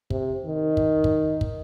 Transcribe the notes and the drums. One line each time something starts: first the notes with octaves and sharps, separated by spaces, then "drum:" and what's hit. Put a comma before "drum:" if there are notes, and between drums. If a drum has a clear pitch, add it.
C3, drum: kick
D#3
drum: kick
drum: kick
drum: kick